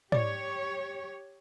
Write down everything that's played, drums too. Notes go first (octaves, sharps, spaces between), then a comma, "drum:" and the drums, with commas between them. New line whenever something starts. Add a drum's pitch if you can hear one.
G4 C#5 D5, drum: tom